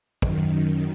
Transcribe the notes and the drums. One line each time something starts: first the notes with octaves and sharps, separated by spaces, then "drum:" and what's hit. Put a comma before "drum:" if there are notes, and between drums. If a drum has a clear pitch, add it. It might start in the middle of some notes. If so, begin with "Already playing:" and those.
F#2 D#3, drum: kick